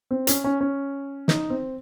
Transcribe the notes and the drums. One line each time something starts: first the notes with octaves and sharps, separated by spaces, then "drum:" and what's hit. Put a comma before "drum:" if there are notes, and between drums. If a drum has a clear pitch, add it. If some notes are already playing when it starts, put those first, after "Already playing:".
C4
C#4, drum: hi-hat
C#4
C#4
D#4, drum: snare
C4